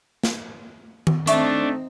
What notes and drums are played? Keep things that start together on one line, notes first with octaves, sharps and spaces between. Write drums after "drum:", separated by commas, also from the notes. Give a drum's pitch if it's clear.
drum: snare
drum: tom D#3
A3 C4 D4 D#4 E5 C#6, drum: hi-hat